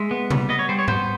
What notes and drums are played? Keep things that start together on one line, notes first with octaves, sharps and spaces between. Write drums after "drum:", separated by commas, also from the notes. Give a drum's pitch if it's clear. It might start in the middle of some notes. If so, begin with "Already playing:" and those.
Already playing: G#3 E5
B3
G3, drum: tom C3
B3 D#5
C#5
G3 C5
C#5
B3 C5, drum: tom G#2